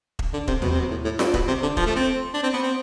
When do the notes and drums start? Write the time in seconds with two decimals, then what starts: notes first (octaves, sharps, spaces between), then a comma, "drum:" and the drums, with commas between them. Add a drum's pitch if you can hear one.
0.19 drum: kick E1
0.33 D3
0.47 C3, drum: kick E1
0.62 B2, drum: tom D#2
0.70 C3
0.80 B2
0.91 A2
1.04 A2
1.19 G2, drum: snare F4
1.34 B2, drum: kick E1
1.47 C3
1.62 D3
1.77 F3, drum: kick E1
1.86 A3
1.96 C4
2.34 D4
2.43 C4
2.54 B3
2.63 C4